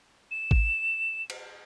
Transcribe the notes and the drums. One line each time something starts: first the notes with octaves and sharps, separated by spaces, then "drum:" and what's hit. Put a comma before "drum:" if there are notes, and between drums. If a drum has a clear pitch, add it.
E7
drum: kick
drum: cymbal